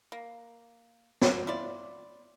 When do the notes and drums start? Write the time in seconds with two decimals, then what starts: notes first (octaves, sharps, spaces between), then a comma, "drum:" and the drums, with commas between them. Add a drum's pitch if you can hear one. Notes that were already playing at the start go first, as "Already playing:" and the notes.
0.12 A#3
1.21 drum: snare
1.47 E4 F4 D5